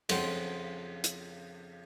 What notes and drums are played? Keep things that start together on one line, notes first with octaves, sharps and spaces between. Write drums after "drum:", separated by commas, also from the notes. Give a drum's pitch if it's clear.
F2 C#3 F3 C5 F#5 G5, drum: cymbal
drum: hi-hat